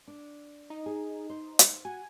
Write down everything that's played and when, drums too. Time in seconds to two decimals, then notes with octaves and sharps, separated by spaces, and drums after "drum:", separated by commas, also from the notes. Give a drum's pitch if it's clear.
0.08 D4
0.70 D#4
0.86 G#4
1.30 C5
1.59 drum: hi-hat
1.85 F#4 G#5